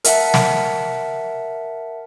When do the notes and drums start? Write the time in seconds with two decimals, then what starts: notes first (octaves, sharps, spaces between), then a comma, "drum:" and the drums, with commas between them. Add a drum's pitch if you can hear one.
0.04 A#4 E5 F#5 A5, drum: hi-hat
0.34 drum: snare